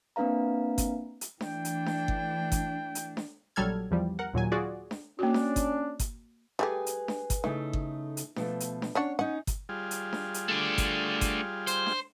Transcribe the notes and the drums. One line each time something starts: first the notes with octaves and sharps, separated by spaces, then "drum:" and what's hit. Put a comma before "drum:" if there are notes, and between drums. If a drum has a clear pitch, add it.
A#3 C4 D4 B4 F5 A#5
drum: kick G1, hi-hat
drum: hi-hat
E3 A3 D4 G5, drum: snare D4
drum: hi-hat
drum: snare D4
drum: kick G1
drum: kick G1, hi-hat
drum: hi-hat
drum: snare D4
A#1 F#3 G3 A4 F6 G#6
E2 F3 G3
A#4 F#5
D#2 A#2 F#3 G#5
F4 F#4 G#4 D5
drum: snare D4
A#3 C#4 D4 F#4
drum: snare D4
drum: kick G1, hi-hat
drum: kick G1, hi-hat
G3 A3 G4 G#4 B4 G#5
drum: hi-hat
drum: snare D4
drum: kick G1, hi-hat
C#3 E3 A3 D#4
drum: kick G1
drum: hi-hat
B2 F3 A3, drum: snare D4
drum: hi-hat
drum: snare D4
C#4 D4 C#5 F#5
C#4 D#4 F#5
drum: kick G1, hi-hat
G3 F4 G#4
drum: hi-hat
drum: snare D4
drum: hi-hat
A3 D4
drum: kick G1, hi-hat
drum: kick G1, hi-hat
C5, drum: hi-hat
drum: snare D4